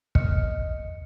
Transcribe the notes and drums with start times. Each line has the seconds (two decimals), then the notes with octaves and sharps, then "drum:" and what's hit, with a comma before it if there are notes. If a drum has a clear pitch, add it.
0.15 B1 E2 D#5 F6 C#7, drum: kick